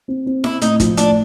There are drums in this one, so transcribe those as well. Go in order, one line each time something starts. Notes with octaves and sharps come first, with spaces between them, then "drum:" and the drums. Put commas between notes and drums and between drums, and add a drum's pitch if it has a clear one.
C4
C4
C4 E4, drum: snare E4
A2 D#4, drum: hi-hat
F3, drum: kick, hi-hat
A2 D4, drum: hi-hat